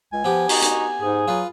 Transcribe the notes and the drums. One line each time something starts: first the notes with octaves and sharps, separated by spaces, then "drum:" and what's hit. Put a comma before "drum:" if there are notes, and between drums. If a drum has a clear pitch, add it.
C#2 G#5
F3 B3 G4
D#4 F#4, drum: open hi-hat
drum: hi-hat
G#2 G#4
F#3 F4 B4